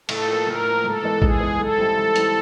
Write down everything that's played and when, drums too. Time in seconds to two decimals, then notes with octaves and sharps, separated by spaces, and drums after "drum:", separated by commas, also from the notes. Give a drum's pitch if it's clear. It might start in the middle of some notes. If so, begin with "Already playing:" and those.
0.09 A2 A4, drum: cymbal
0.27 F3 A#3
0.47 A2 A#4
0.66 F3 A#3
0.84 G#2 A4
1.02 E3 G#3 B3
1.22 G#2 G#4, drum: kick
1.40 E3 G#3 B3
1.59 G#2 A4
1.78 E3 G3 C4 E4
1.98 G#2
2.16 E3 G3 C4 E4, drum: hi-hat